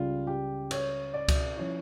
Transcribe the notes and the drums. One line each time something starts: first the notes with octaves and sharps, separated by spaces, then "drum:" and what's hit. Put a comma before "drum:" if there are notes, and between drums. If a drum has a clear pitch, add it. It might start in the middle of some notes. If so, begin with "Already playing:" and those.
Already playing: C#2 C#3 G3 F4
G4
C#5, drum: cymbal
D5
drum: kick C#2, cymbal
F3 C#4 E4 C#5